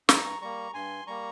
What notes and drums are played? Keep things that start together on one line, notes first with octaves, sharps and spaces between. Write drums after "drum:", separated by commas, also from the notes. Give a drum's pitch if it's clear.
G2 A#5 C#6, drum: snare
G3 A#3 A#5 C#6
G2 G#5 C6
G3 A#3 A#5 C#6